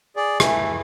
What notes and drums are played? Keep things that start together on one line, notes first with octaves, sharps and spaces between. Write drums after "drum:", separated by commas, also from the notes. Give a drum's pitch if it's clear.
G#4 D5
E3 A3, drum: rim click